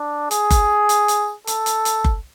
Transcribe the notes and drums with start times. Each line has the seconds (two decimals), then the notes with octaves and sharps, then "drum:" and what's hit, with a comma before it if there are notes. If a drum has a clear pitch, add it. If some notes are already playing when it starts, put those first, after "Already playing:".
Already playing: D4
0.31 G#4, drum: hi-hat
0.50 drum: kick F#1, hi-hat
0.89 drum: hi-hat
1.08 drum: hi-hat
1.47 A4, drum: hi-hat
1.66 drum: hi-hat
1.85 drum: hi-hat
2.04 drum: kick F#1